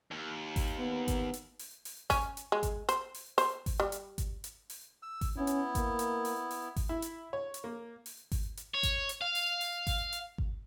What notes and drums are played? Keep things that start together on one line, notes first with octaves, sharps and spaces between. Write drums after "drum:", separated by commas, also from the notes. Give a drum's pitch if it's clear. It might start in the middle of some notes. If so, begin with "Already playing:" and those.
D#2
drum: kick G#1, open hi-hat
B3
drum: kick G#1, hi-hat
drum: hi-hat
drum: open hi-hat
drum: open hi-hat
C#4, drum: kick G#1, open hi-hat
drum: hi-hat
G#3
drum: kick G#1, hi-hat
C5, drum: hi-hat
drum: open hi-hat
C5, drum: open hi-hat
drum: kick G#1, open hi-hat
G3
drum: hi-hat
drum: kick G#1, hi-hat
drum: hi-hat
drum: open hi-hat
E6
drum: kick G#1, open hi-hat
B3 C#4 E4
drum: hi-hat
A#3, drum: kick G#1, hi-hat
drum: hi-hat
drum: open hi-hat
drum: open hi-hat
drum: kick G#1, open hi-hat
E4
drum: hi-hat
C#5
drum: hi-hat
A#3
drum: open hi-hat
drum: kick G#1, open hi-hat
drum: hi-hat
C#5
drum: kick G#1, hi-hat
drum: hi-hat
F5
drum: open hi-hat
drum: open hi-hat
drum: kick G#1, open hi-hat
drum: hi-hat
drum: kick G#1